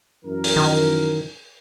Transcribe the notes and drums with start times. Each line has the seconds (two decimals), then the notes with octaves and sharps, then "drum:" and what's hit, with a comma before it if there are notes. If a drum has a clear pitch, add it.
0.25 F#2 E3 A#4
0.44 drum: open hi-hat
0.56 D#3